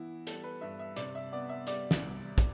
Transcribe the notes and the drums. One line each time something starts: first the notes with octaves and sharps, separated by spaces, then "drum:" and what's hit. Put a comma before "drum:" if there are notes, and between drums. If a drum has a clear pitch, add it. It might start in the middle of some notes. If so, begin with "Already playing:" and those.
Already playing: E3 B3 E4
G3 A4, drum: hi-hat
B4
G2 E5
E5
C3 D5, drum: hi-hat
E5
B3 D5
E5
G3 D5, drum: hi-hat
drum: snare
C2
drum: kick, hi-hat